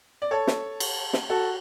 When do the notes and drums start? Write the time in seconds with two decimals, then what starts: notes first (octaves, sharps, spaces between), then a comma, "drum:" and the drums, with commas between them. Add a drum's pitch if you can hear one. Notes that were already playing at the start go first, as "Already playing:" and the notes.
0.22 D5
0.31 A4 C#5
0.47 drum: snare
0.80 drum: cymbal
1.13 drum: snare
1.30 F#4 A4